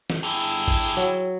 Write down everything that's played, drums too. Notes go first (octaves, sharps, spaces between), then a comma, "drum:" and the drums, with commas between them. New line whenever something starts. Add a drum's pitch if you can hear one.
drum: snare
G2 D3 E4 G#4 G5
drum: kick, hi-hat
F#3